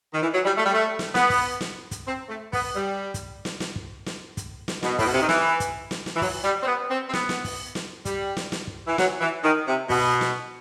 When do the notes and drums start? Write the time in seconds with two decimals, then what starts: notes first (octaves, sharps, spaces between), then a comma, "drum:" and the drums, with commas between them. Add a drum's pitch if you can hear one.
0.13 D#3
0.22 E3
0.34 F#3
0.45 G3
0.57 A3
0.65 G3
0.74 A3
0.99 drum: snare
1.15 B3, drum: snare
1.30 drum: kick, open hi-hat
1.61 drum: snare
1.91 drum: kick, hi-hat
2.07 C4
2.29 A3
2.53 B3, drum: kick, open hi-hat
2.76 G3
3.14 drum: kick, hi-hat
3.45 drum: snare
3.60 drum: snare
3.76 drum: kick
4.06 drum: snare
4.37 drum: kick, hi-hat
4.68 drum: snare
4.83 B2, drum: snare
4.99 A2, drum: kick, open hi-hat
5.06 B2
5.14 C3
5.22 D#3
5.29 E3, drum: snare
5.60 drum: kick, hi-hat
5.91 drum: snare
6.06 drum: snare
6.17 E3
6.21 F#3, drum: kick, open hi-hat
6.44 G3
6.63 C4
6.67 B3
6.91 C4
7.09 C4
7.13 B3, drum: snare
7.29 drum: snare
7.44 drum: kick, open hi-hat
7.75 drum: snare
8.05 G3, drum: kick, hi-hat
8.37 drum: snare
8.52 drum: snare
8.67 drum: kick
8.87 E3
8.98 F#3, drum: snare
9.21 E3
9.44 D#3
9.67 C3
9.90 B2, drum: kick, open hi-hat
10.21 drum: snare